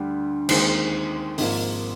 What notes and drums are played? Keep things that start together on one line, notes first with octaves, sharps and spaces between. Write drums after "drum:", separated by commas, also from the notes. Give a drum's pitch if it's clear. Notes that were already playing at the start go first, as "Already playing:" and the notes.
Already playing: D2 D3 G3
D#2 D#3 G#3 C4, drum: cymbal
G#1 G#2 F3 A#3, drum: open hi-hat